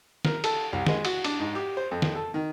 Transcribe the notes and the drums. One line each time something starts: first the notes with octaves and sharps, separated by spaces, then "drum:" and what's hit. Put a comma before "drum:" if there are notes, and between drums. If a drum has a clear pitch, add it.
A#4, drum: snare
A4, drum: cymbal
C2
G#3, drum: snare
F#4, drum: cymbal
D4, drum: cymbal
G#2
G4
C5
F2
drum: snare
A4
D#3